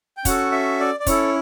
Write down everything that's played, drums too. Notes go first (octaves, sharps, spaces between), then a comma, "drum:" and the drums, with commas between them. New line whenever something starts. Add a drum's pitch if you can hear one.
G5
C#4 F#4 A4 F#5, drum: kick, hi-hat
E5
D5
D5
C#4 E4 A4 C#5, drum: kick, hi-hat